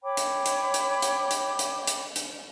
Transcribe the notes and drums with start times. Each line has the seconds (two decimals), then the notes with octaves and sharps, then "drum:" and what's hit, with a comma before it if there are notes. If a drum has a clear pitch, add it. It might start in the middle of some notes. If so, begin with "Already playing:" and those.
0.03 C#5 G5 B5 D6
0.17 drum: hi-hat
0.46 drum: hi-hat
0.74 drum: hi-hat
1.02 drum: hi-hat
1.31 drum: hi-hat
1.59 drum: hi-hat
1.87 drum: hi-hat
2.16 drum: hi-hat